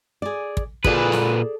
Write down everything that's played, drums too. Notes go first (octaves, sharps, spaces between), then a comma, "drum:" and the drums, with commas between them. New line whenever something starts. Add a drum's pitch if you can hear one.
G#4 D5
drum: kick
A#2 G#4 A4 B4 D5, drum: kick
drum: snare